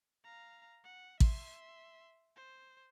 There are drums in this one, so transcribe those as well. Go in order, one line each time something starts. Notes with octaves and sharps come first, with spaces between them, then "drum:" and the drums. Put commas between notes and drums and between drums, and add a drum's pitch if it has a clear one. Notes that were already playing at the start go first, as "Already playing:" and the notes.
F5 A#5
F#5
E5 C6, drum: kick A1
C5